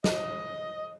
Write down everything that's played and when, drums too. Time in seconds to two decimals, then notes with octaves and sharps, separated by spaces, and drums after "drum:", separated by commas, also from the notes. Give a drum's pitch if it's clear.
0.04 D#5, drum: snare